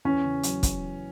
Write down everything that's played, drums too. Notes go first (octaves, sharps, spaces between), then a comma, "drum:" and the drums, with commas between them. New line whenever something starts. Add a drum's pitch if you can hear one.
E2 C#4
C#3
F#3, drum: hi-hat
drum: kick, hi-hat